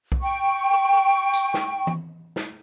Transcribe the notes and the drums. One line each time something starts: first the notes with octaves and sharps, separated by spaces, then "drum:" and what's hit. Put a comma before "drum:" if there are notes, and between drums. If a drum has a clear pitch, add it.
drum: kick B1
G5 C#6
drum: tambourine
drum: snare
drum: tom E3
drum: snare